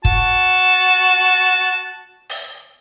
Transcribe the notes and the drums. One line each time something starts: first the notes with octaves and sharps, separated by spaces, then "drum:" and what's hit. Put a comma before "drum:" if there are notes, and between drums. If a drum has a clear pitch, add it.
F#4 A5, drum: kick
drum: open hi-hat